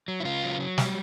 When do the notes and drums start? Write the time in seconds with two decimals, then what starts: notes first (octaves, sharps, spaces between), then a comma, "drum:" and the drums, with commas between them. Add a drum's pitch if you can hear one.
0.08 F#3
0.20 E4
0.25 C#3 F4
0.43 F#3
0.60 F#3
0.78 G3, drum: snare